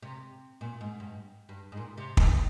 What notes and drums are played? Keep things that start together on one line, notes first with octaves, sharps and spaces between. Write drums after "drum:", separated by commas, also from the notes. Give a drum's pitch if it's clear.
C3
A#2
G#2
G2
G2
G#2
A#2
C3
D#3, drum: kick